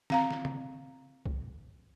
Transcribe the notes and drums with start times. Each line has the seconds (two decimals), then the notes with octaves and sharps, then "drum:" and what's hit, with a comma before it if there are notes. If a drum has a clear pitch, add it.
0.10 C4 F5 A#5, drum: snare
0.31 drum: snare
0.45 drum: tom
1.26 drum: kick